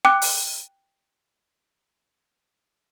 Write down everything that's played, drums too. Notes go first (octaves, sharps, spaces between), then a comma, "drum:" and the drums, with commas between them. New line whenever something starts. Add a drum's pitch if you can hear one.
G5 D6 F#6
drum: open hi-hat